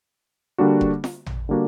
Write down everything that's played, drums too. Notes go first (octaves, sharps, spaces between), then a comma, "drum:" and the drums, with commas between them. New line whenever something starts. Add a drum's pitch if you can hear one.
D3 G3 A#3 D4 F#4
drum: kick F1
drum: snare
drum: tom
D3 G3 A#3 D4 F#4